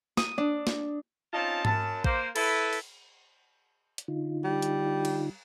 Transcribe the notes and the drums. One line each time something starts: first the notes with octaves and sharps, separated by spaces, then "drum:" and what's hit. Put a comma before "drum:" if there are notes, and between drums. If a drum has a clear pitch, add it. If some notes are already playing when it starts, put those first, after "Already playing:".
D#6, drum: snare
D4
drum: snare
C4 C#4 D#4 F4 A5
F#2 A5, drum: tom G#2
A#3 C5, drum: kick
E4 A4 B4, drum: cymbal
drum: open hi-hat
drum: hi-hat
D3 D#4 F4
G3
drum: hi-hat
drum: cymbal